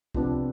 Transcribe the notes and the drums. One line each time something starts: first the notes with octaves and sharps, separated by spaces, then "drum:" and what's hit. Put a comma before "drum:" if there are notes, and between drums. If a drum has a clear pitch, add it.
C3 F3 B3 D4, drum: kick